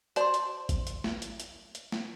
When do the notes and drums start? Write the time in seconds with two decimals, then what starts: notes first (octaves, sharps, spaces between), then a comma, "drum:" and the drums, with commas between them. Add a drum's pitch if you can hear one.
0.16 F#4 C5 D5 A5 C6, drum: hi-hat
0.34 drum: hi-hat
0.69 drum: kick G#1, hi-hat
0.87 drum: hi-hat
1.04 drum: snare
1.22 drum: hi-hat
1.40 drum: hi-hat
1.75 drum: hi-hat
1.92 drum: snare